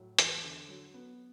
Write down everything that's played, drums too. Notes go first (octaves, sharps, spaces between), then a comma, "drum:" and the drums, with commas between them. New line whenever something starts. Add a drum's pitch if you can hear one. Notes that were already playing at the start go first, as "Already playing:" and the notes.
Already playing: A2 F#3
E2, drum: hi-hat
D3
F#3
B3